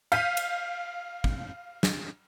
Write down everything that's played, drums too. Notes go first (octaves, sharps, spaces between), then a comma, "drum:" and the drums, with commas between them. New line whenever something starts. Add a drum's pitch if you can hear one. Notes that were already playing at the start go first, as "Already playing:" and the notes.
F5 G6 B6 D#7, drum: cymbal
drum: cymbal
drum: kick
drum: snare